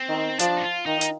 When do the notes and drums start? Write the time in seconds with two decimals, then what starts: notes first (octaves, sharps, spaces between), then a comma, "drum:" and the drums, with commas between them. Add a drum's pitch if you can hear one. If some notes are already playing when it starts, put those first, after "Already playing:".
Already playing: C4
0.09 D#3
0.39 F3 D4, drum: hi-hat
0.57 D#4
0.63 F4
0.86 D#3 D#4
1.01 drum: hi-hat